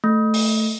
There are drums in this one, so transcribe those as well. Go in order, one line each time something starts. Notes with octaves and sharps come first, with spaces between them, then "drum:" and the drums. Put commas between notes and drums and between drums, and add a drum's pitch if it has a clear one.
A3
drum: open hi-hat